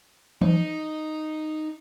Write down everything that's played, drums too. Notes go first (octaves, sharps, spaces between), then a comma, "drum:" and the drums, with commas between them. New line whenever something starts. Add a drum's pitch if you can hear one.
D#4, drum: tom E3